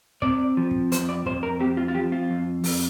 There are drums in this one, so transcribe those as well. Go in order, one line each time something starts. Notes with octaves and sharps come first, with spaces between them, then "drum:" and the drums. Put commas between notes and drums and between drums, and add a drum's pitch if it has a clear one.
C4 D5, drum: kick
F3
drum: kick
F2 C5, drum: hi-hat
D5
F2 C5, drum: kick
A#4
C4 G4
F4
F4
F3 G4
F4
F2
F2, drum: open hi-hat